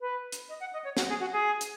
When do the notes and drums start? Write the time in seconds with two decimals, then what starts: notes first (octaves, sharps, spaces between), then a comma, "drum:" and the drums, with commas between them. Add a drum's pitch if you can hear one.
0.01 B4
0.32 drum: hi-hat
0.49 D#5
0.60 F#5
0.73 D#5
0.84 C#5
0.97 F#4, drum: snare
1.09 G#4
1.20 F#4
1.32 G#4
1.61 drum: hi-hat